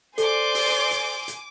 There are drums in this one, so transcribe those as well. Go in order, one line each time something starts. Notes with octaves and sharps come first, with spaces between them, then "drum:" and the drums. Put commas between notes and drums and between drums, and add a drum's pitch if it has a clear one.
A4 C5 D5 G#5 C6 D6, drum: hi-hat
drum: open hi-hat
drum: hi-hat
drum: hi-hat